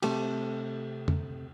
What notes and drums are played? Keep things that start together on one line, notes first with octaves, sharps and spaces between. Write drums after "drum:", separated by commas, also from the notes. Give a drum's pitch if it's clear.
C3 A3 G4, drum: cymbal
drum: tom